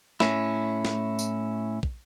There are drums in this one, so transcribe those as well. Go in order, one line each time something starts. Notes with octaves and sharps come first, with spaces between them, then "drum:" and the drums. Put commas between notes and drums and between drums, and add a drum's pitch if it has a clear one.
A2 C#4 E4, drum: snare
drum: snare
drum: tambourine
drum: kick